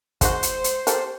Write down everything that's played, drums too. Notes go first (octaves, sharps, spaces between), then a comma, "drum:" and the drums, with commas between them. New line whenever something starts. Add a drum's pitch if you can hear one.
G#3 D#4 F#4 C5, drum: kick, hi-hat
drum: hi-hat
drum: hi-hat
G4 A4 A#4, drum: hi-hat